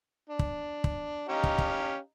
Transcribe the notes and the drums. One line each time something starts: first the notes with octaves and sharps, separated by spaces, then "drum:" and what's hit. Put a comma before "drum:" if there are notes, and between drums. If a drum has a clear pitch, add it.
D4
drum: kick
drum: kick
C#4 D#4 G4 F5
drum: kick
drum: kick